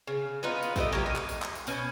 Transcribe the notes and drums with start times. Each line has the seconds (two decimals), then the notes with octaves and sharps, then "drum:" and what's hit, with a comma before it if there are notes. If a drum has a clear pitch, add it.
0.07 C#3
0.43 B3 D#4 F4 B4
0.63 drum: tambourine
0.76 A3 G4 A#4 D#5, drum: kick, tambourine
0.93 F#3 A#3 F4 G4
1.06 D#4
1.16 drum: clap
1.29 drum: tambourine
1.42 drum: clap
1.55 drum: tambourine
1.67 B2 C#4 B4, drum: tambourine